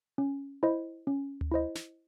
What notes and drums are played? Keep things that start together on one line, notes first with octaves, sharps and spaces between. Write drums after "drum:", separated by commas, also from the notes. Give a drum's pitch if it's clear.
C#4
E4 C5 D#5
C#4
drum: tom D2
E4 C5 D#5
drum: snare